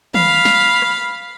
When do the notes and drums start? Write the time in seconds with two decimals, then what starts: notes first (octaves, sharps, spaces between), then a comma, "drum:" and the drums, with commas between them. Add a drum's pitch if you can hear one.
0.14 F5 B5, drum: tom D#3
0.45 drum: snare
0.82 drum: rim click